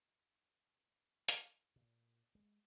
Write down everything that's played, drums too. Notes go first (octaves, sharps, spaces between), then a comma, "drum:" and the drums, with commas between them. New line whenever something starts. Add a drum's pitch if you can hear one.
drum: hi-hat
A#2
G#3